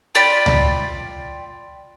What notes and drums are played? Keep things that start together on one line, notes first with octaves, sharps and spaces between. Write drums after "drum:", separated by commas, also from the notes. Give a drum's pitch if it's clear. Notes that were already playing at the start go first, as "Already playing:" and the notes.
F4 D5 G5 B5
drum: tom C#2